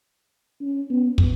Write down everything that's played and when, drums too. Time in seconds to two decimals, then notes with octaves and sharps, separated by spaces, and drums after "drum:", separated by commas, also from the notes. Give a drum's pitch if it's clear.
0.61 C#4
0.90 B3
1.18 drum: kick